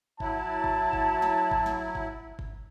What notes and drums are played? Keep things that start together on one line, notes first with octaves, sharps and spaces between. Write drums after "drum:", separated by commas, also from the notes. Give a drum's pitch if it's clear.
F#3 E4 A5, drum: kick G1
drum: kick G1
drum: kick G1
drum: snare
drum: kick G1
drum: snare
drum: kick G1
drum: kick G1